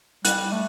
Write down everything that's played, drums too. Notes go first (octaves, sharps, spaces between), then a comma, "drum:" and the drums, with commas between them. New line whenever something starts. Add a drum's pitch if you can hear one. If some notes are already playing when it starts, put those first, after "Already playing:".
G3 F#6, drum: hi-hat
A3